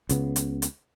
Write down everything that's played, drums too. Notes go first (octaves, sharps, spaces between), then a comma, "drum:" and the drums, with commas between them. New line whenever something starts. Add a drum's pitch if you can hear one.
C#2 C#3 B3, drum: hi-hat
drum: hi-hat
drum: hi-hat